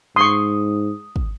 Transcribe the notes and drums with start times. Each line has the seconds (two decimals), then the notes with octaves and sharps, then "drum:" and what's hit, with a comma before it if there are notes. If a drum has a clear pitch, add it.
0.16 G#2 C6 C#6 D#6
1.16 drum: kick